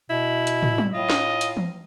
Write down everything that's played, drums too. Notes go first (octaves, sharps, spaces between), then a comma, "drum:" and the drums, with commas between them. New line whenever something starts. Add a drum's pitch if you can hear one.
B2 E4
drum: hi-hat
drum: tom
drum: tom F#3
A2 F4 D#5
drum: snare
drum: hi-hat
drum: tom E3